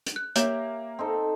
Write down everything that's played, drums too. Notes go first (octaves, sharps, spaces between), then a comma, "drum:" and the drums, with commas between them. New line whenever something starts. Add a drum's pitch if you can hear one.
drum: hi-hat
F#6
A#3 G4 C#5 E5 E7, drum: hi-hat
C4 D#4 A4